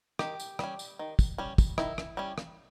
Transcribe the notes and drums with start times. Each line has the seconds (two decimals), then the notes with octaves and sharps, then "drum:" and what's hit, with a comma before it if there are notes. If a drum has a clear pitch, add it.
0.19 D#3 G4, drum: rim click
0.40 drum: tambourine
0.59 G3 C#4, drum: rim click
0.79 drum: tambourine
0.99 D#3
1.19 drum: kick, tambourine
1.38 G3 C#4
1.58 drum: kick, tambourine
1.78 D#3 E4, drum: rim click
1.98 drum: rim click
2.17 G3 C#4
2.38 drum: rim click